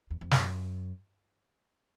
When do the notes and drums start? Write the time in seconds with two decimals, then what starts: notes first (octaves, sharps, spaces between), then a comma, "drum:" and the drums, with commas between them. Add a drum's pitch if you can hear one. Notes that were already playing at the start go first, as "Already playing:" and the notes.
0.10 E2
0.21 F2
0.31 F#2, drum: snare